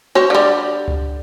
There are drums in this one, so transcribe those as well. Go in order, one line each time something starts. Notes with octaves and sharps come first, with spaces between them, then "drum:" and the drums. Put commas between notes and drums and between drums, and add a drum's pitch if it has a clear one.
F#4 C5 C#5
D3 G3
drum: tom C#2